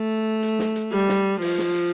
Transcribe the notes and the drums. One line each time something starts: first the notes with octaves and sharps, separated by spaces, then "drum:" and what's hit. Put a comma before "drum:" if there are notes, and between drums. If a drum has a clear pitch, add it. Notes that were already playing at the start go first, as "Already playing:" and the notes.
Already playing: A3
drum: hi-hat
drum: snare
drum: hi-hat
G3
drum: snare
F3, drum: open hi-hat
drum: snare
drum: hi-hat